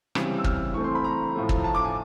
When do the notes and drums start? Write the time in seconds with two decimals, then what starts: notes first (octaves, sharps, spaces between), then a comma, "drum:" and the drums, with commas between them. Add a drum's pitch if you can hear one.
0.15 C#3 E3 G3 C4, drum: rim click
0.38 E6
0.44 F6, drum: kick
0.74 E3 A3 C4 C#6
0.84 C6
0.95 B5
1.04 A#5
1.35 A2 F3 A3
1.49 drum: kick
1.64 A5
1.75 D6
1.85 G#5